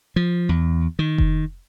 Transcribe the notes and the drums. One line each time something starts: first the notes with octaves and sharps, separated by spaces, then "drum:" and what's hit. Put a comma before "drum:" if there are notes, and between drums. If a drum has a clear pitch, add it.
F3
E2
D#3
drum: kick F1